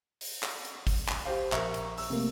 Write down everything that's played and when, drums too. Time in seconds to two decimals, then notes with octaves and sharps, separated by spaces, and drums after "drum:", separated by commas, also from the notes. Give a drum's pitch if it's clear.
0.21 drum: open hi-hat
0.43 drum: clap
0.65 drum: hi-hat
0.87 drum: kick, open hi-hat
1.09 drum: clap
1.25 G4 C5 F5
1.52 A#1 A#4 E5 A#5 C#6, drum: clap
1.74 drum: hi-hat
1.98 E6, drum: open hi-hat
2.10 C3 A3 A#3